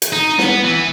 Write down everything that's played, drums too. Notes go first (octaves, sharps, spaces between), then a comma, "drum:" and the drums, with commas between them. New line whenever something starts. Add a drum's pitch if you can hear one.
drum: hi-hat
D#4
B3, drum: snare
E3